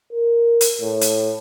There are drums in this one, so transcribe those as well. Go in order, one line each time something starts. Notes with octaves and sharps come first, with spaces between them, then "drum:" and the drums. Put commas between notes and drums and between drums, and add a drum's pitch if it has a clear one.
A#4
drum: hi-hat
A2
drum: hi-hat